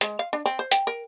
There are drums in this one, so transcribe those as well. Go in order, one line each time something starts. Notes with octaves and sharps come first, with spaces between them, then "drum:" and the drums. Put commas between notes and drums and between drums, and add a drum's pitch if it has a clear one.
G#3, drum: hi-hat
F5
D4
C4
C5
G5, drum: hi-hat
A#4